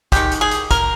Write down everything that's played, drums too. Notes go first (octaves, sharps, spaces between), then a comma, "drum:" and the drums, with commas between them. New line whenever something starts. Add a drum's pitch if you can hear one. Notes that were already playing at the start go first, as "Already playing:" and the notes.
D#3 G#3 G4, drum: kick, hi-hat
drum: hi-hat
G#4
drum: hi-hat
A#4, drum: kick, hi-hat